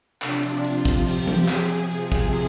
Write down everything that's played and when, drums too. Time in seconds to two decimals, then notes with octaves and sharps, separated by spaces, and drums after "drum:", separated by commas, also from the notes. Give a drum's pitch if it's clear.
0.22 C3 F3 D4, drum: clap
0.43 drum: hi-hat
0.64 F4, drum: hi-hat
0.85 drum: kick, hi-hat
1.07 G4, drum: open hi-hat
1.27 drum: tom E3
1.48 G#4, drum: clap
1.70 drum: hi-hat
1.91 C3 F3, drum: hi-hat
2.12 drum: kick, hi-hat
2.33 drum: open hi-hat